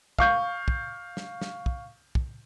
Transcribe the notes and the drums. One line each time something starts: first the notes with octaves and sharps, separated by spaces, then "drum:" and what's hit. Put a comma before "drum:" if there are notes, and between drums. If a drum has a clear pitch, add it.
F5 C#6 G6, drum: kick
drum: kick
drum: snare
drum: snare
drum: kick
drum: kick